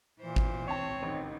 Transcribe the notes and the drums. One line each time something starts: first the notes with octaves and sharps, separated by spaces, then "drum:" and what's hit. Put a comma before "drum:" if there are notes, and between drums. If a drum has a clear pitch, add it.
A#2 E3 C5
drum: kick G#1
C4 C#5 A5 C#6
A1 D#3